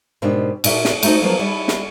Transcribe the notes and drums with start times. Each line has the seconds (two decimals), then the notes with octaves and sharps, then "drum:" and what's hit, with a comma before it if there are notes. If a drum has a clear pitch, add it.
0.22 G#2 B2 A#3 D4 G4
0.64 A#2 F#4 E5, drum: cymbal
0.85 drum: snare
1.03 A3 D#4 F#4 A4 C5 A5, drum: cymbal
1.22 F3 F#3 A#3 B3 F4
1.39 G3 E4
1.68 drum: snare